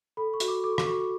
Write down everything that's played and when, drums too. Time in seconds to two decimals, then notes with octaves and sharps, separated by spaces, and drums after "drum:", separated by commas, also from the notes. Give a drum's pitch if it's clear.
0.17 A4 B5
0.34 C#6
0.40 F#4, drum: hi-hat
0.48 D6
0.64 A4 D6
0.72 C#6
0.78 D6, drum: rim click
0.87 F#4 C#6